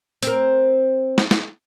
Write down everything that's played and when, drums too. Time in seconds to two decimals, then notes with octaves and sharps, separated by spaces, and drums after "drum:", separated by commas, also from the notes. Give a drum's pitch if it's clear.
0.23 C4 A#4, drum: hi-hat
1.18 drum: snare
1.31 drum: snare